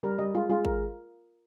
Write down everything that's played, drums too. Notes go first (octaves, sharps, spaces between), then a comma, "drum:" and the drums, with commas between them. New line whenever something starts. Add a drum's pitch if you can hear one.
G3 A#4
G3 D#5
G#3 F4
G#3 F4
A#4, drum: kick G#1